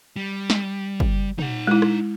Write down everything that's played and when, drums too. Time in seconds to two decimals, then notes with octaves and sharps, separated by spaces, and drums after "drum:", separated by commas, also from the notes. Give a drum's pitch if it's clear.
0.16 G3
0.50 drum: snare
1.00 drum: kick
1.39 D#4 F#5, drum: tom
1.67 G#3 E4
1.82 drum: rim click